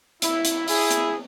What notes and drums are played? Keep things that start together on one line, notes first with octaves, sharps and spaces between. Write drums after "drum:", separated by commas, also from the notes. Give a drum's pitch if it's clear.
E4, drum: hi-hat
drum: hi-hat
E4 G#4, drum: open hi-hat
drum: hi-hat